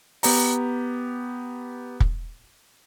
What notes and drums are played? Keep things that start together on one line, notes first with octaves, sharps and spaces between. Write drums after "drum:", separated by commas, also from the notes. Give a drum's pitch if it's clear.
B3 G4 A#5, drum: open hi-hat
drum: kick